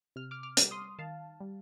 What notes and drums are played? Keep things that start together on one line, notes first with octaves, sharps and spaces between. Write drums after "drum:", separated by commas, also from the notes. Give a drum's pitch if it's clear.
C3 F6
D6 F6
D6 F6
G3, drum: hi-hat
C6 D#6
D#3 F5 A5
G3